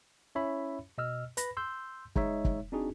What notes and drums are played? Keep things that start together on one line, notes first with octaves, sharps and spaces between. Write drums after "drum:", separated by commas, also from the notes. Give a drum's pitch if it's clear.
C#4 E4 C#5 E5 B5
B2 D#5 E6 F6
B4 B5 A#6, drum: hi-hat
C6 E6 G6
G#3 D#4 C#5 E5, drum: kick
drum: kick
C4 D4 D#4 F#4 G#4